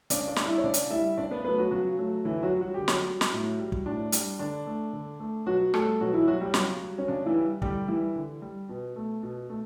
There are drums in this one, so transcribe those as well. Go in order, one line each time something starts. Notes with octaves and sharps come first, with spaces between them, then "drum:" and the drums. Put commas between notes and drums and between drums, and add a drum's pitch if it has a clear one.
C#3 D4 D5, drum: hi-hat
D4 D5
G3, drum: snare
E4 E5
C#5
C#3 D4 D5
drum: hi-hat
G3 E4 E5
C#3 D4 D5
B3 B4
F#3 A3 B3 B4
F#3 F#4
C#3 F#3 F#4
F#3 A3
D3 E3 E4
F#3 F#4
G3
F#4
D3 G4
F#3 F#4, drum: snare
G3
drum: snare
A2
G3
drum: kick
A2 D4
G3, drum: hi-hat
D3 D4
A3
D3
A3
B2 F#3 F#4
G3 A3 A4, drum: rim click
B2 F#3 F#4
E3 E4
F#3 G3 F#4
G3 G4
C#3 F#3 F#4, drum: snare
G3
C#4
C#3 D4
E3 E4
G3
D3 G3 G4, drum: kick
E3 G3 E4
D3
G3
B2
A3
B2
A3